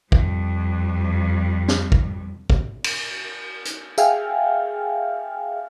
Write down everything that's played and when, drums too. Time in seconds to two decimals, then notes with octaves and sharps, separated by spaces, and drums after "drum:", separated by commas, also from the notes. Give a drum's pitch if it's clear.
0.12 F2 G3, drum: kick
1.68 drum: snare
1.92 drum: kick
2.50 drum: kick
2.84 drum: cymbal
3.65 drum: hi-hat
3.98 G#4 E5 F5 G5 G#5 F6, drum: tambourine